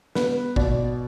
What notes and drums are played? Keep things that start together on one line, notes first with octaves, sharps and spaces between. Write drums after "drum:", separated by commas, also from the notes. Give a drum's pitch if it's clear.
B3 B4, drum: snare
B2 D5, drum: kick A1